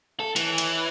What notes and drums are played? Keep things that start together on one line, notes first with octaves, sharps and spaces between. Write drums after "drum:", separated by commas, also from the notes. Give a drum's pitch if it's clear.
A4
E3, drum: cymbal
drum: cymbal